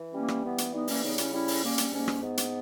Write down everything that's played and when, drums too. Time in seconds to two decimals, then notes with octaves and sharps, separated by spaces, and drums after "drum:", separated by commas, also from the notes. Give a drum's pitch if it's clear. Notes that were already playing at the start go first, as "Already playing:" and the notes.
Already playing: E3
0.13 G3 A#3 C#4
0.28 drum: rim click
0.44 E3 B3
0.58 drum: hi-hat
0.73 G3 B3 D#4
0.88 A#3 C#4, drum: open hi-hat
1.03 C#3 B3 D#4
1.18 C#4 E4, drum: hi-hat
1.33 G3 C#4 E4
1.48 drum: open hi-hat
1.62 G3 A#3 C#4
1.78 drum: hi-hat
1.92 G#2 A#3 C#4
2.08 drum: rim click
2.22 G#2 B3
2.37 drum: hi-hat